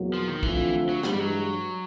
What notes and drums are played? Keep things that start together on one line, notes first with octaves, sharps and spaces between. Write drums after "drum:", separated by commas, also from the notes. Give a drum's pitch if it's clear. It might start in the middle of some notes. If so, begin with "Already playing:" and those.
Already playing: E2 B2 F#3 A#3
F3
D#3
D3 E3 F3 A3 C4 F4, drum: kick
F#3
G2 E3 G3 G#3, drum: snare
G3
F#3